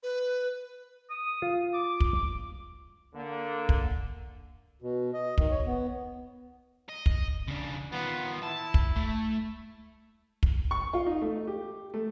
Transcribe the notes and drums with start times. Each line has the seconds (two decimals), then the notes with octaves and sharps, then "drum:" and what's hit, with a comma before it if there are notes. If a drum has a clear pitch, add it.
0.03 B4
1.10 D#6
1.42 F4
1.74 D6
2.00 drum: kick
3.14 D3 A#3
3.69 drum: kick
4.82 B2
5.14 D#5
5.38 D#3, drum: kick
5.51 C#5
5.67 B3
6.89 D#5
7.06 drum: kick
7.48 C#3 D4
7.92 D#3 B3 F4
8.43 E4 A5
8.74 drum: kick
8.96 A3
10.43 drum: kick
10.71 C#6
10.94 F4
11.06 D#4
11.22 A3
11.47 G4
11.94 A3